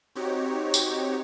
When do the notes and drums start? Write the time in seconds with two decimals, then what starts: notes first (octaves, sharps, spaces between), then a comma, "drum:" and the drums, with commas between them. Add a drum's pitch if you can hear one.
0.15 C4 D#4 F#4 G4 C#5
0.74 drum: tambourine